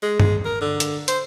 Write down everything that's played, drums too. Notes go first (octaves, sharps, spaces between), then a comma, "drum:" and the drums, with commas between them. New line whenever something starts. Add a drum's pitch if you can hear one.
G#3
G#3, drum: tom G2
A#4
D3
drum: hi-hat
C5, drum: hi-hat